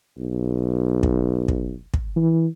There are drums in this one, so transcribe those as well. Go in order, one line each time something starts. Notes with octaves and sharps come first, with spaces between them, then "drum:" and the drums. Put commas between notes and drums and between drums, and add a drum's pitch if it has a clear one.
B1
drum: kick
drum: kick
drum: kick
E3